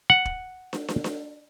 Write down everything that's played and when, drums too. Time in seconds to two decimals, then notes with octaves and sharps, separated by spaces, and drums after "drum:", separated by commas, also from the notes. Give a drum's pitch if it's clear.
0.10 F#5
0.25 drum: kick
0.73 drum: snare
0.88 drum: snare
1.04 drum: snare